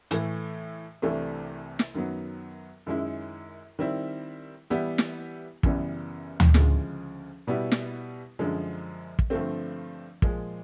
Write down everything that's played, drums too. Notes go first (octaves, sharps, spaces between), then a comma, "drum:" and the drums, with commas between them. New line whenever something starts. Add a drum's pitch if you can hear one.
A2 E3 A3, drum: hi-hat
C2 C3 E3 A3 D4
drum: snare
F#2 D#3 F#3 B3
F#2 D#3 G#3 C#4 E4
D#3 G3 C4 E4
E3 G3 B3 E4 G4
drum: snare
F#2 C#3 E3 G3 B3, drum: kick
drum: tom D2
D2 C#3 F3 G#3, drum: snare
B2 G3 B3 E4 G4
drum: snare
F#2 D3 F3 G#3
drum: kick
G2 D3 F3 A3 C4
A#2 F3 G#3, drum: kick